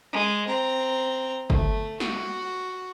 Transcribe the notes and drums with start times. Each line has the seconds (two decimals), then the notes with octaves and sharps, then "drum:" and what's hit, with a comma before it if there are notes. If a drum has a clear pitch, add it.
0.12 G#3
0.48 C4 A#5
1.50 A3, drum: kick G1
2.00 F#4, drum: snare